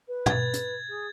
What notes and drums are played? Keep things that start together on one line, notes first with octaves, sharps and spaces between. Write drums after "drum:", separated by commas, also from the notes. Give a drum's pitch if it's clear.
B4
G#6 A6, drum: tom
drum: hi-hat
G#4